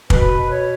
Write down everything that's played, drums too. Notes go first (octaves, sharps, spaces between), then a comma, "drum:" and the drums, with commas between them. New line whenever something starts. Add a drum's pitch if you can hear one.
B2 B4, drum: kick
B2
C#5